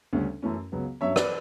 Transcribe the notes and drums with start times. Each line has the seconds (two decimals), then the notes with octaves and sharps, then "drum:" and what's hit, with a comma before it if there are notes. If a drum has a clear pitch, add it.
0.13 D2 C#3 G3 C#4
0.42 F#2 E3 A3 C#4
0.72 C#2 C#3 F#3 B3
1.01 G2 F#3 C#4 C#5 E5
1.16 B4 D5, drum: rim click